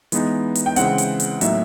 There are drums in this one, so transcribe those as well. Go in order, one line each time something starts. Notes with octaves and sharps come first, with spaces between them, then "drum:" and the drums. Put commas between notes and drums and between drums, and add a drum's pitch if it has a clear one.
E3 G#3 B3 D#4, drum: hi-hat
drum: hi-hat
G5
C#3 E3 G#3 C4 F#5, drum: hi-hat
drum: hi-hat
drum: hi-hat
A2 F#3 A#3 D#4 E5, drum: hi-hat